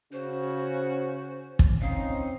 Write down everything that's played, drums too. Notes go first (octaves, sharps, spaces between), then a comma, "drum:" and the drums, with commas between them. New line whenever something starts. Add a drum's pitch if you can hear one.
C#3 C#4 F#4 C5
drum: kick
C4 C#4 D#4 F5